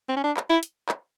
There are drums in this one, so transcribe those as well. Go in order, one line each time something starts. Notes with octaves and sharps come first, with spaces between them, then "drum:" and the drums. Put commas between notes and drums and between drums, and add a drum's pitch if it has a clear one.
C4
C#4
D4
drum: clap
E4
drum: hi-hat
drum: clap